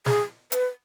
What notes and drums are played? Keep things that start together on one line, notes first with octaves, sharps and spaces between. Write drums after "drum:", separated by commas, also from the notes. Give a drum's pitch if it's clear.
G#4, drum: snare
B4, drum: hi-hat